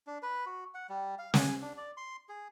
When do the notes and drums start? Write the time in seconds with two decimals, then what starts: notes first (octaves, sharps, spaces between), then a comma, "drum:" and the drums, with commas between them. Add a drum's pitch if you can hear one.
0.07 D4
0.23 B4
0.46 F#4
0.74 F#5
0.89 G3
1.19 F5
1.34 G#5, drum: snare
1.62 D4
1.77 D5
1.97 C6
2.29 G#4